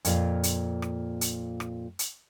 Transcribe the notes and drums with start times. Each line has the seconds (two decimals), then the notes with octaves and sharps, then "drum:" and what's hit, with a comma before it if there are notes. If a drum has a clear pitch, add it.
0.05 F2 A#2 F4, drum: hi-hat
0.43 drum: hi-hat
0.82 drum: rim click
1.21 drum: hi-hat
1.60 drum: rim click
1.99 drum: hi-hat